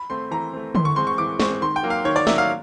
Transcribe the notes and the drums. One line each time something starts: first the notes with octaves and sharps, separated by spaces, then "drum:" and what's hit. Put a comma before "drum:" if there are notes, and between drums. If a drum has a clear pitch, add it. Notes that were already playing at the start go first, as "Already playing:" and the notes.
Already playing: B5
A3 C4 C6
E3 A#5
A3 C4
E3 C6, drum: tom
C#6
G#3 C4 C6
C#6
E3 D6
G#3 C4 C#6, drum: snare
D#3 C6
G5
F#3 A#3
F5
D#3 C#5
D5
F#3 A#3 E5, drum: snare
F5